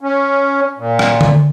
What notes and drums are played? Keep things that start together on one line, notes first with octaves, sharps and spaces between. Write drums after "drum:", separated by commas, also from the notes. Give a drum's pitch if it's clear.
C#4
A#2
drum: rim click
drum: tom D3